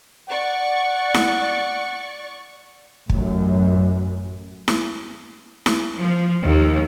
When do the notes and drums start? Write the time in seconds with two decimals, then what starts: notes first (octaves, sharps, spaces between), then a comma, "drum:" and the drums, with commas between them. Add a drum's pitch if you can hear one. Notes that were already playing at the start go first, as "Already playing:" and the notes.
0.29 D5 F#5 C#6
1.14 drum: snare E4
3.09 A1 F#2, drum: kick
4.68 drum: snare E4
5.66 drum: snare E4
5.97 F3
6.42 D#2